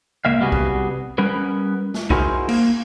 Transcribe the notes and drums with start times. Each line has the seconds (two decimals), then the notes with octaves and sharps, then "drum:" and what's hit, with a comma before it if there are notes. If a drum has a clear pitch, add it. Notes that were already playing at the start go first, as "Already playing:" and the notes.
0.25 C#2 A#3 E5 F5
0.40 C2 G3 B3 F#4 G#4
0.52 drum: kick B1
1.18 G3 B3 C#4 A#4 B4
1.94 drum: snare
2.10 D#4 E4 F#4 G#4 A#4 C5, drum: kick B1
2.49 A#3, drum: cymbal